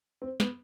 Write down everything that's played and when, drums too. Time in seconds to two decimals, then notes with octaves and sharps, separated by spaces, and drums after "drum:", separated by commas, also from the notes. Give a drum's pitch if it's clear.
0.22 C4
0.40 B3, drum: snare